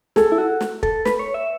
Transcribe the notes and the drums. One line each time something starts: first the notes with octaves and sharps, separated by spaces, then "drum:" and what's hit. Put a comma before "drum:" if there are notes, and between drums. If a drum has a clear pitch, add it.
G#4 A4, drum: snare
E4
F#4
drum: snare
A4, drum: kick
B4, drum: snare
C#5
E5